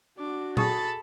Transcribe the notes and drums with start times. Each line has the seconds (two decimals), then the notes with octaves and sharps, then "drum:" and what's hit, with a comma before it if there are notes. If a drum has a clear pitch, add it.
0.18 D4 F#4 D6
0.57 G#4 A4 B5 C#6 D#6 A6, drum: tom A#2